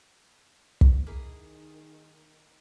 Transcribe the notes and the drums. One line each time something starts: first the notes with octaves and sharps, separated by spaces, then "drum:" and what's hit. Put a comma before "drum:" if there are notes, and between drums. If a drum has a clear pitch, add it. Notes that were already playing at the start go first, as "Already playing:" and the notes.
drum: kick
D#3 A#3 E4 G#4